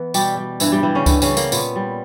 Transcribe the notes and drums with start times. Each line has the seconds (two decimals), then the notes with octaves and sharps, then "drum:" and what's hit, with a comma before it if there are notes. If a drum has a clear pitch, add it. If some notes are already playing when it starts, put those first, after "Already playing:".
Already playing: E3 B3 B4
0.14 B2 G3 G4, drum: tambourine
0.37 G3
0.60 G2 E3 E4, drum: tambourine
0.72 G3 G4
0.83 E3 G3 E4
0.95 C#3 C#4
1.06 G2 B3, drum: kick C#2, tambourine
1.22 C#3 C#4, drum: tambourine
1.29 G3
1.37 A#3, drum: tambourine
1.52 A#2 B3, drum: tambourine
1.76 G3